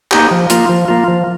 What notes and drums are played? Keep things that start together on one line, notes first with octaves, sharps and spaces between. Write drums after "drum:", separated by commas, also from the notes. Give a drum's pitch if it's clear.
A#3 D#4 G4, drum: clap
F3
A#3 F4, drum: hi-hat
F3
A#3 F4
F3